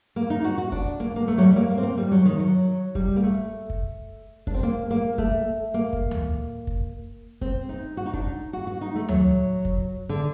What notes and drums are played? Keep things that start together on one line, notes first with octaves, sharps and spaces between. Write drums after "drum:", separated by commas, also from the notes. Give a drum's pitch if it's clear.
A#3
D#4
F#4
F#4
D4, drum: kick
A#3
A#3
A3
F#3
G3
A#3
A#3
C4
A#3
G3
F#3
D#3
F#3
G3, drum: kick
A#3
A3
drum: kick
D4, drum: kick
C4
A#3
A#3
A3, drum: kick
A#3
drum: kick
drum: tom D2
drum: kick
C4, drum: kick
D#4
F#4
D#4
D4, drum: kick
D#4
F#4
F#4
D#4
A3
F#3, drum: tom D2
drum: kick
D3